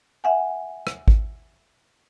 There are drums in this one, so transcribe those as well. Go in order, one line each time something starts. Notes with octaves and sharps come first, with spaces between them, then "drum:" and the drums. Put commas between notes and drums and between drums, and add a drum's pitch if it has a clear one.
E5 F#5 G#5
drum: rim click
drum: kick G#1